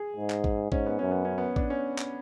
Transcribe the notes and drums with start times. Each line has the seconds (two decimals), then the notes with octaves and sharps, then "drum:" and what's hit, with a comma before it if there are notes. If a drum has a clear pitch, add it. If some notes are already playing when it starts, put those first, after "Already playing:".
Already playing: G#4
0.16 G#2
0.30 drum: clap
0.44 drum: kick
0.72 G#2 C#4, drum: kick
0.86 B3
0.99 F#2 C#4
1.11 B3
1.25 C#4
1.38 B3
1.56 D4, drum: kick
1.70 C#4
1.98 drum: clap